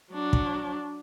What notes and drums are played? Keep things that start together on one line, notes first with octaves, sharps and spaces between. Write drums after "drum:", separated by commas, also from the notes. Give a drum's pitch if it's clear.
F#3 D4
drum: kick